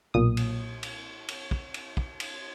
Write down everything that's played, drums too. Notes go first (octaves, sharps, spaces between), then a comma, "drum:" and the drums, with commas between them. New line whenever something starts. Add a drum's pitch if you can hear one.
B1 A#2 D#6
drum: cymbal
drum: cymbal
drum: cymbal
drum: kick
drum: cymbal
drum: kick
drum: cymbal